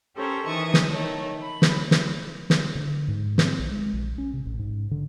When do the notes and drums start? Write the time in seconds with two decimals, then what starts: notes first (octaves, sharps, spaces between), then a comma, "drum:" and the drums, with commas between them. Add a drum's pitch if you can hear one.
0.15 C#4 G4 A4 A#4 C5 C#5
0.46 D#3 E3 A5 C#6 D#6
0.74 drum: snare
0.88 D#3 A3 C#5
1.41 B5
1.62 drum: snare
1.91 drum: snare
2.50 drum: snare
2.75 D3
3.08 G#2
3.38 C4, drum: snare
3.59 A#1
3.71 G#3
3.93 A#1
4.18 C#4
4.33 C3
4.45 A1
4.59 G#2
4.91 D3